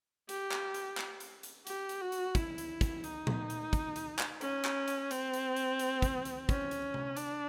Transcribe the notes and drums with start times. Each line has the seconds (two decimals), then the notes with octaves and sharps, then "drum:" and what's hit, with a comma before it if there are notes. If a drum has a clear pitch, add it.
0.29 G4, drum: hi-hat
0.51 drum: clap
0.74 drum: hi-hat
0.97 drum: clap
1.20 drum: hi-hat
1.43 drum: hi-hat
1.67 G4, drum: hi-hat
1.89 drum: hi-hat
2.01 F#4
2.12 drum: hi-hat
2.35 E4, drum: kick, hi-hat
2.58 drum: hi-hat
2.81 drum: kick, hi-hat
3.04 D#4, drum: hi-hat
3.27 drum: tom
3.50 drum: hi-hat
3.73 drum: kick, hi-hat
3.96 drum: hi-hat
4.19 drum: clap
4.41 C#4, drum: hi-hat
4.65 drum: clap
4.88 drum: hi-hat
5.11 C4, drum: hi-hat
5.34 drum: hi-hat
5.56 drum: hi-hat
5.79 drum: hi-hat
6.02 drum: kick, hi-hat
6.25 drum: hi-hat
6.49 C#4, drum: kick, hi-hat
6.71 drum: hi-hat
6.94 drum: tom C3
7.17 D4, drum: hi-hat